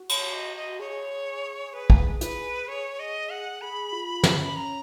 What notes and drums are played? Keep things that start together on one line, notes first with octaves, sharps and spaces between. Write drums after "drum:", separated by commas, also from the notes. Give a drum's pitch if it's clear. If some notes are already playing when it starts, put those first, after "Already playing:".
Already playing: F#4
C#5, drum: cymbal
D#5
D#5
G#4 C#5
G#4 B4
drum: kick
B4, drum: hi-hat
G#4 C#5
D#5
F#5
G#4 B5
F4
C#4, drum: snare
B5
A#5